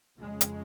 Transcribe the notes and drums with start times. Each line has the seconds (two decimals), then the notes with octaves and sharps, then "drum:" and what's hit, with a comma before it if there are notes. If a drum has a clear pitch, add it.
0.17 F2 C#3 G#3
0.41 drum: hi-hat